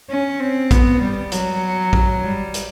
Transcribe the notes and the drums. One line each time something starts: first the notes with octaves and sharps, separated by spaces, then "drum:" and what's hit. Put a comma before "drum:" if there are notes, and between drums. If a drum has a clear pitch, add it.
C#4
C4
B3, drum: kick A#1, hi-hat
G3
F#3, drum: hi-hat
drum: kick A#1
G3
drum: hi-hat